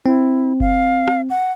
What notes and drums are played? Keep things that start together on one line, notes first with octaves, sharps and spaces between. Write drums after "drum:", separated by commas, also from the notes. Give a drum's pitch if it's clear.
C4 E4
F5, drum: kick F#1
drum: rim click
F#5